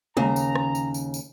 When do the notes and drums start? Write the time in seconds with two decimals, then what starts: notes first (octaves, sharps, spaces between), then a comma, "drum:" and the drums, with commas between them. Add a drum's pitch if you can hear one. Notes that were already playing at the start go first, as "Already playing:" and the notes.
0.17 D#2 C#3 A#5, drum: tom G3
0.36 drum: tambourine
0.55 drum: rim click
0.75 drum: tambourine
0.94 drum: tambourine
1.14 drum: tambourine